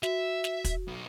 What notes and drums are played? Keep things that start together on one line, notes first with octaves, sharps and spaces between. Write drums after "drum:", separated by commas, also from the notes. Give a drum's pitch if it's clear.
F#4 E5, drum: snare
drum: snare
drum: kick, hi-hat
B1